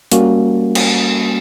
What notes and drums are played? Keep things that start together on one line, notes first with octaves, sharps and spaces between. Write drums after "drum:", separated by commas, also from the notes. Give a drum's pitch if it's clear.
G3 A#3 C#4 F#4, drum: hi-hat
drum: cymbal